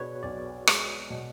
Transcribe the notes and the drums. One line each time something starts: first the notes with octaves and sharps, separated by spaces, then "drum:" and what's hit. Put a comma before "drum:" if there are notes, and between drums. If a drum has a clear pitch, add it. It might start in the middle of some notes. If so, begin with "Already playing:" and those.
Already playing: B2 D4 F#4 G#4 B4 C#5
B1 D5
G#3, drum: rim click
B2